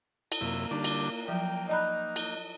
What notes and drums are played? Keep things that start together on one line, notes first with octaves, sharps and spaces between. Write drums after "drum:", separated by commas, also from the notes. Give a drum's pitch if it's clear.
drum: cymbal
F#2 C3 A#3 E4
D3 G3 D4 D#4
drum: cymbal
F3 F#3 A#3 G5
D#4 D5 D#5 A#5 B5 F#6
drum: cymbal